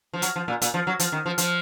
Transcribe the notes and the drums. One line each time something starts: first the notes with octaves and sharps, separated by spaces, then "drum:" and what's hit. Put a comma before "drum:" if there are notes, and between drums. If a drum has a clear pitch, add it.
F3
F#3, drum: hi-hat
F3
A#2
A#2, drum: hi-hat
F3
F#3
F3, drum: hi-hat
D#3
F3
F3, drum: hi-hat